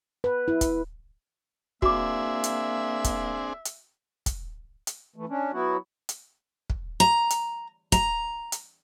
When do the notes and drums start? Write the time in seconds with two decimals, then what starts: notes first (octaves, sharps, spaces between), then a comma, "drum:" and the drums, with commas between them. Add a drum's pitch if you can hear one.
0.24 B4
0.48 E4
0.61 drum: kick, hi-hat
1.82 A#3 C4 D4 F#4 G#4 E5 D6, drum: kick
2.44 drum: hi-hat
3.04 drum: kick, hi-hat
3.65 drum: hi-hat
4.26 drum: kick, hi-hat
4.87 drum: hi-hat
5.16 E3 A3
5.29 C#4 D4
5.53 F#3 B3 E4 F#4
6.09 drum: hi-hat
6.70 drum: kick
7.00 A#5
7.30 drum: hi-hat
7.92 A#5, drum: kick, hi-hat
8.52 drum: hi-hat